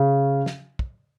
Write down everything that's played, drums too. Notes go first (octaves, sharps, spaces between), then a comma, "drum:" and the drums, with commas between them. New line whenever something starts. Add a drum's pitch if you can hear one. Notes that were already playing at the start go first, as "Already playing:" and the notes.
Already playing: C#3
drum: snare
drum: kick